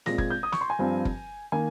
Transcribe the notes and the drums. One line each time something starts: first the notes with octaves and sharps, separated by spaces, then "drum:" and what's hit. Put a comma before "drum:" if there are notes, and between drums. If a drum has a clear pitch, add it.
A#2 G#3 C4 A#6, drum: snare
G#6, drum: kick
G6
D#6
C#6, drum: snare
C6
G#5
G2 F3 C4
drum: kick
D#3 A#3 G#5